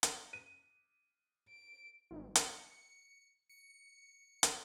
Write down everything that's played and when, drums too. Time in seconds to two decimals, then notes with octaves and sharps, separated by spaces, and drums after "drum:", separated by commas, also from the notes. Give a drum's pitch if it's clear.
0.03 drum: hi-hat
0.33 D#7
1.49 D7
2.11 G#1
2.36 C#7, drum: hi-hat
3.49 C#7
4.43 drum: hi-hat